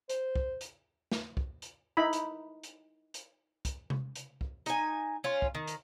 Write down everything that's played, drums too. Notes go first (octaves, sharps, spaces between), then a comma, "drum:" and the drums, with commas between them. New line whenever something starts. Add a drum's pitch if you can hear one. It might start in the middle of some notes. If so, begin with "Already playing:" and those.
C5, drum: hi-hat
drum: kick
drum: hi-hat
drum: snare
drum: kick
drum: hi-hat
D#4 E4 B5
drum: hi-hat
drum: hi-hat
drum: hi-hat
drum: kick, hi-hat
drum: tom C3
drum: hi-hat
drum: kick
D#4 G#5, drum: hi-hat
C#4 F4
drum: kick
D#3
drum: hi-hat